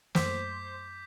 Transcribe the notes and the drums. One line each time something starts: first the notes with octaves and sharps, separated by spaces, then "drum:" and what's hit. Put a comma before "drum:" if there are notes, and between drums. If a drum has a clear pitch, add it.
F#2 A3 C5 D6 G6 B6, drum: snare